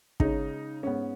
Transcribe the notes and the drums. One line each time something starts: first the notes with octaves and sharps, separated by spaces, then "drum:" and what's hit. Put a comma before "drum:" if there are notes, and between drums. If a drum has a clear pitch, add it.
C#3 G#3 C#4 D#4, drum: kick
G#2 G#3 B3 C#4